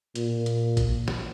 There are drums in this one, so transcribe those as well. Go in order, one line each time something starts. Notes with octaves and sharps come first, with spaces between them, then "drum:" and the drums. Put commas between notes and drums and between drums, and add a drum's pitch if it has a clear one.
A#2, drum: hi-hat
drum: hi-hat
drum: kick, hi-hat
drum: snare